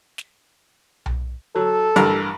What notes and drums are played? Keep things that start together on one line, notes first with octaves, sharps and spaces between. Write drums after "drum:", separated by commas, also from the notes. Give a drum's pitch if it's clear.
drum: snare
drum: tom B1
F#3 A4
A1 G2 A#4, drum: hi-hat